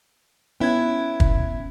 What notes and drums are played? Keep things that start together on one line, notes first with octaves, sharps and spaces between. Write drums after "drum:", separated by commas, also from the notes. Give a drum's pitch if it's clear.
B3 C#4 E4 G5 G#6
drum: kick